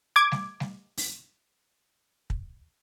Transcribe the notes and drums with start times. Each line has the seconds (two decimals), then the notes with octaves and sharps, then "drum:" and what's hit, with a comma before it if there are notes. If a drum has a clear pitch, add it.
0.16 D6 G#6
0.32 drum: snare G3
0.60 drum: snare G3
0.97 drum: open hi-hat
2.30 drum: kick